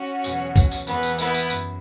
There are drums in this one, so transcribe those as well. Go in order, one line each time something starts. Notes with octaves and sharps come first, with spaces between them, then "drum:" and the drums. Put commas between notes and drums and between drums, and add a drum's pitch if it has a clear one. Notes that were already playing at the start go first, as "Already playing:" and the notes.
Already playing: C#4 F#4
E2 B2 F#3, drum: tambourine
drum: kick C#2, tambourine
drum: tambourine
E2 E3 B3, drum: tambourine
drum: tambourine
B3 E4, drum: tambourine
drum: tambourine
F#2, drum: tambourine